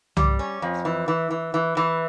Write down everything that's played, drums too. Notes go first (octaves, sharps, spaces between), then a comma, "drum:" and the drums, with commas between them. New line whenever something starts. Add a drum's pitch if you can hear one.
G3, drum: tom C2
C#4
F2
E3
E3
E3
E3
E3